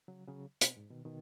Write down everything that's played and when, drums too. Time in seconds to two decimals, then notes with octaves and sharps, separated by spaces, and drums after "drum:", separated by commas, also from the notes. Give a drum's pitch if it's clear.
0.08 C#3 F#3
0.27 C#3 F#3
0.61 B2, drum: hi-hat
0.77 G#2
0.91 B2 D#3
1.05 B2 D#3